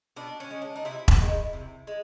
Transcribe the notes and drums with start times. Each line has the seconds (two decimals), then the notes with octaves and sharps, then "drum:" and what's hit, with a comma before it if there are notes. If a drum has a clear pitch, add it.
0.16 B2 D4
0.40 C#4
0.51 G#3
0.62 D4
0.76 D#4
0.85 C3 E4
1.08 drum: kick E1
1.19 D#3 G#3
1.53 C3
1.87 G#3